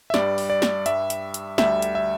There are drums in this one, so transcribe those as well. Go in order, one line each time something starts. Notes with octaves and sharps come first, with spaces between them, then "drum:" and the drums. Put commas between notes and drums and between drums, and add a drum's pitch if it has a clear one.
E5
G2 G3 D5, drum: snare
drum: open hi-hat
D5
drum: snare
G2 G3 E5, drum: hi-hat
drum: hi-hat
drum: hi-hat
D2 D3 G3 E5, drum: snare
drum: hi-hat
E5